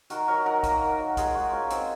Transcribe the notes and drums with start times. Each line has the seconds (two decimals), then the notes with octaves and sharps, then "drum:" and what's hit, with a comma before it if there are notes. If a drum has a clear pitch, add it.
0.10 D#3 F#4 A#4, drum: hi-hat
0.28 F#3 F#4 A#4
0.45 D#3 F#4 A#4
0.63 A#3, drum: kick A#1, hi-hat
0.82 D#3
0.99 F#3
1.17 G#3 F4 G#4, drum: kick A#1, hi-hat
1.35 G#3 D#4 F#4
1.52 D#3 C#4 F4
1.70 D#3 C4, drum: hi-hat